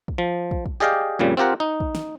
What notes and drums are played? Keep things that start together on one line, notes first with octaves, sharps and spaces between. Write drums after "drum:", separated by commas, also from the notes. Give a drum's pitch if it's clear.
drum: kick
F3
drum: kick
drum: kick
G4 G#4 D5 D#5 F5 G5
F2 A#2 C#3 G3
C4 F4 G4 A#4 F#5
D#4
drum: kick
drum: snare